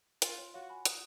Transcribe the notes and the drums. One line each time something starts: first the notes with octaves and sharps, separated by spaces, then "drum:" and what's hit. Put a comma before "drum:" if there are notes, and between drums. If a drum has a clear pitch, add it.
F4 A#4, drum: hi-hat
C#5
F#4 C#5 F5
G#5 B5
D#6 F#6, drum: hi-hat